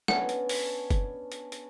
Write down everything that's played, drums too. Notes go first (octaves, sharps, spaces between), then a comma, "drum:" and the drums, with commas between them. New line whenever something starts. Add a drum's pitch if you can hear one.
B3 C#4 D4 F#5, drum: snare
drum: hi-hat
drum: open hi-hat
drum: kick F#1, hi-hat
drum: hi-hat
drum: hi-hat